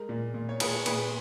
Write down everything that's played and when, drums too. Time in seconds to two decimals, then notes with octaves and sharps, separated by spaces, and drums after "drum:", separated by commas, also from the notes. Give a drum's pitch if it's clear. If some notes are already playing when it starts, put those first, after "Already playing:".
Already playing: G#3 A#4
0.09 A#2
0.34 A#2
0.49 C#5
0.60 A#2 G#4 B4, drum: cymbal
0.86 A#2 G#4 B4, drum: cymbal